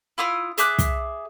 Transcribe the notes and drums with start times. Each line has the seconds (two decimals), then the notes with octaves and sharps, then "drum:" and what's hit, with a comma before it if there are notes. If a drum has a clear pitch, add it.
0.18 E4 F4 D#6 F6
0.58 G#4 E5 D6 F#6, drum: hi-hat
0.79 drum: kick, hi-hat